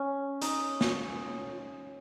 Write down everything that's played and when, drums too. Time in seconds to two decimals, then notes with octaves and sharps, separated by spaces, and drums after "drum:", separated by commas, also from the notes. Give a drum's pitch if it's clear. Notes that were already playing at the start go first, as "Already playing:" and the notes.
Already playing: C#4
0.42 D#4, drum: hi-hat
0.81 drum: snare